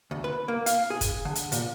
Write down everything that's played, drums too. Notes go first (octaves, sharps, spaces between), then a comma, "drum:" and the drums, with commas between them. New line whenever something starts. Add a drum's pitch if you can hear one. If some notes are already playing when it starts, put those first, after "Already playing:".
D2
B4
A#3
F5, drum: hi-hat
G#4
drum: kick, hi-hat
D3
drum: hi-hat
A#2, drum: hi-hat